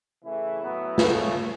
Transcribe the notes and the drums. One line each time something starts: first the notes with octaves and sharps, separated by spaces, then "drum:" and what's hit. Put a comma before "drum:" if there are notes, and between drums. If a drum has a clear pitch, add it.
C#3 E3 A3 E4
A2 F#3 B3
C#3 A3, drum: snare